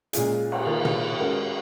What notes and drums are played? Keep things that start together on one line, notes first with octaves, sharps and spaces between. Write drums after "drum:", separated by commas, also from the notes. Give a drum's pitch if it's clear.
A#2 G#3 C#4 F4 G#4, drum: hi-hat
drum: cymbal
D#3 A#3 F4
drum: tom A#2
G#3 C#4 F#4 A#4